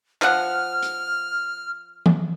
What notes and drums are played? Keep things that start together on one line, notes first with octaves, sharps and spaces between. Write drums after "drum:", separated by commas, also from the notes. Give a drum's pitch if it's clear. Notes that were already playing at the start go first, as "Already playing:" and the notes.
F3 F#5 F6, drum: clap
drum: hi-hat
drum: tom E3